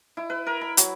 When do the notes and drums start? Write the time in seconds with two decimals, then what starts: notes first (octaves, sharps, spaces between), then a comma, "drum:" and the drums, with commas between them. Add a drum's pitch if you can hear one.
0.17 E4
0.30 B4
0.47 A#4
0.61 B5
0.77 F#3, drum: hi-hat